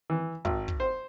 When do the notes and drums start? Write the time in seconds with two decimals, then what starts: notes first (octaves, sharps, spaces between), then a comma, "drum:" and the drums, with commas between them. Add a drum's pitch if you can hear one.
0.10 E3
0.45 G#1, drum: kick
0.68 drum: kick
0.80 C5